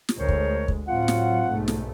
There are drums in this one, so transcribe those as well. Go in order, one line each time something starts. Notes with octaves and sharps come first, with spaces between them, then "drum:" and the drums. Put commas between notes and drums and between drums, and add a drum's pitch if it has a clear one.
drum: snare
D2 G#3 A#4 C5 C#5
drum: kick
drum: kick
A2 F#3 C4 F4 F#5
drum: snare
B1 G#2 A3
drum: snare